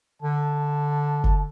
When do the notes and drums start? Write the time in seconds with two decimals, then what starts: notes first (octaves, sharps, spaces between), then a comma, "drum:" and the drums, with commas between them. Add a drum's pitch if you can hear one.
0.22 D3 A5
1.24 drum: kick